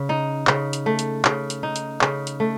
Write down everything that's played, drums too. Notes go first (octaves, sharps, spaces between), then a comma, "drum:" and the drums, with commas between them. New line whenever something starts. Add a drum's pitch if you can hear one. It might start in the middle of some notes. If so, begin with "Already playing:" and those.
Already playing: C#3
D#4
C#3, drum: clap
drum: hi-hat
A3
drum: hi-hat
C#3, drum: clap
drum: hi-hat
D#4
drum: hi-hat
C#3, drum: clap
drum: hi-hat
A3